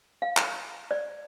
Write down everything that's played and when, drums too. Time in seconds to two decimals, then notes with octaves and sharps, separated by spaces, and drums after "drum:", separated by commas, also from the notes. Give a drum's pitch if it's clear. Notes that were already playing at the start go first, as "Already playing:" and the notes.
0.22 F5
0.37 drum: clap
0.91 D5